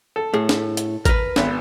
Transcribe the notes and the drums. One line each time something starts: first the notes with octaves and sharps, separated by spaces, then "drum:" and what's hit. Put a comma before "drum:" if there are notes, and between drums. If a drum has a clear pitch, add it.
A4
A2 G#4
drum: snare
drum: hi-hat
A#4 B4, drum: kick A1, hi-hat
G#1 B3, drum: snare